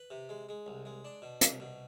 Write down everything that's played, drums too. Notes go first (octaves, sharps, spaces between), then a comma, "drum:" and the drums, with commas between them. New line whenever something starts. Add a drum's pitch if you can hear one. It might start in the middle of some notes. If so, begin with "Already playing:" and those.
Already playing: B4
C3
G#3
G#3
C2
G#3
D4
B2
C2, drum: hi-hat
B2